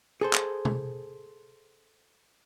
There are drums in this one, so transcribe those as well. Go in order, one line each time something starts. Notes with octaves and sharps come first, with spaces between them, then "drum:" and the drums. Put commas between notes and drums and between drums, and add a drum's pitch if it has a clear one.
G#4 A4 C5
drum: clap
drum: tom B2